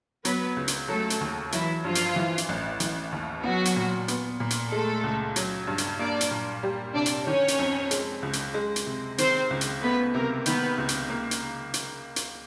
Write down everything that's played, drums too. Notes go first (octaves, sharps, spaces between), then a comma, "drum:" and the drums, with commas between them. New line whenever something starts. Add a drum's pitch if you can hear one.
F#3 B3 B4, drum: hi-hat
C#2
drum: hi-hat
F#3 A3 A4
drum: hi-hat
D#2
E3 F#3 E4, drum: hi-hat
G2 F3 F4
drum: hi-hat
E3
drum: hi-hat
A1
E3, drum: hi-hat
D#2
F#3 B3 F#4
drum: hi-hat
A#2
B3, drum: hi-hat
A#2
drum: hi-hat
G#3 A3 A4
C#2
F#3, drum: hi-hat
G2
drum: hi-hat
A#3 D4 D5
drum: hi-hat
A#2
G3
C3 D4 D5
drum: hi-hat
D#3 C#4 C#5
drum: hi-hat
F2
G#3, drum: hi-hat
C#2
drum: hi-hat
G#3
drum: hi-hat
C3
D#3 C4 C5, drum: hi-hat
C#2
drum: hi-hat
A3 B3 B4
C3 A#3 A#4
D#3 B3 B4, drum: hi-hat
C#2
drum: hi-hat
A#3
drum: hi-hat
drum: hi-hat
drum: hi-hat